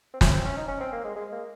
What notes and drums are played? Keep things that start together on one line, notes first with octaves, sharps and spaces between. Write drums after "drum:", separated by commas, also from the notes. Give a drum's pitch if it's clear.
C4
C#4, drum: snare
C4
C#4
D#4
C#4
C4
A#3
G#3
G#3
A#3